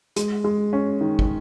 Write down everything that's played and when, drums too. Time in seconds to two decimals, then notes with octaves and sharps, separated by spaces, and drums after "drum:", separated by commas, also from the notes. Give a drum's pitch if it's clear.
0.16 G#3, drum: hi-hat
0.44 G#3
0.73 C#4
1.01 D#3
1.19 drum: kick